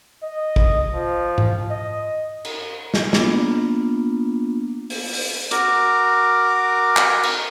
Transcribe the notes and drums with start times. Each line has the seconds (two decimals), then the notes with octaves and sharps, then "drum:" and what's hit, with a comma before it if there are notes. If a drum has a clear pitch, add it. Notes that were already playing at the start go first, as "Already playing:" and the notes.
0.23 D#5
0.56 drum: kick
0.94 F3
1.38 drum: tom G#2
1.70 D#5
2.45 drum: cymbal
2.94 drum: snare
3.13 A#3 B3 D4 F4, drum: snare
4.90 drum: open hi-hat
5.13 drum: open hi-hat
5.51 F#4 A#4 D6, drum: hi-hat
6.96 drum: clap
7.23 drum: cymbal